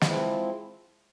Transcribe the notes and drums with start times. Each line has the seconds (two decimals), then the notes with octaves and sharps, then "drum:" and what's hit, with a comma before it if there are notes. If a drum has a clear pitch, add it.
0.01 F3 G#3 C4 E4 B4, drum: snare